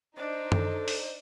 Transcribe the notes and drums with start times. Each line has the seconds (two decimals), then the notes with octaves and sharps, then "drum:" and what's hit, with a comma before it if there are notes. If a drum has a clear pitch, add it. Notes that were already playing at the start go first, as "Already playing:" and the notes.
0.18 D4 D#4 C5
0.52 A4, drum: tom
0.88 drum: open hi-hat